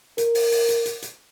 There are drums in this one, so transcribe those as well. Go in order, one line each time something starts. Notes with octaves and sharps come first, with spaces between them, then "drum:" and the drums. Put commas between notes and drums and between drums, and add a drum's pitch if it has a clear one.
A#4, drum: hi-hat
drum: open hi-hat
drum: open hi-hat
drum: hi-hat
drum: hi-hat
drum: hi-hat